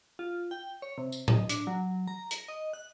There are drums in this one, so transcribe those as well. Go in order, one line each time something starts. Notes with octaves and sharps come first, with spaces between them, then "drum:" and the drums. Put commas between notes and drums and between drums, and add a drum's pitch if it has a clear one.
F4
G5
C#5
C3
drum: tambourine
D#5, drum: tom A2
D4, drum: hi-hat
F#3
A#5
A#6, drum: hi-hat
D#5
F#6